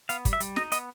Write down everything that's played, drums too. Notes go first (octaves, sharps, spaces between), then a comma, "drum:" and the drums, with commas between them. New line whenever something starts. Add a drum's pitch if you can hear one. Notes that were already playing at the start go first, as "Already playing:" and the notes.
B3 F5, drum: hi-hat
G3, drum: kick, hi-hat
E5
G3, drum: hi-hat
D#4 D#5, drum: snare
B3 D#5, drum: hi-hat